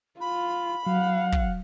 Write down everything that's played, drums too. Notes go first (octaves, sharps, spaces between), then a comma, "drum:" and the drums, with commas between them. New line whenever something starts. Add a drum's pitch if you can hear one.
F4 B5
F#3 F5 F#5
drum: kick